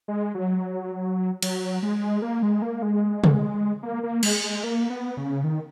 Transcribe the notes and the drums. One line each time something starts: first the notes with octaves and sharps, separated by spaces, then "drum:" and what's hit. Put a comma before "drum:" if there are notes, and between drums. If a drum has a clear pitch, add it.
G#3
F#3
F#3, drum: cymbal
G#3
A#3
G#3
A#3
G#3
drum: tom
A#3
A#3
G#3, drum: cymbal
G#3
A#3
B3
C#3
D#3